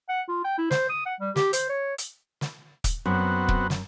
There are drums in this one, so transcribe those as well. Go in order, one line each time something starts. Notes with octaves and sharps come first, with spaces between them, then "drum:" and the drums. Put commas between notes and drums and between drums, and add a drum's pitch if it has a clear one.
F#5
F4
G5
E4
C5, drum: snare
D#6
F#5
G3
G4, drum: snare
C5, drum: hi-hat
C#5
drum: hi-hat
drum: snare
drum: kick, hi-hat
F#2 B3 C4 F#4
drum: kick
drum: snare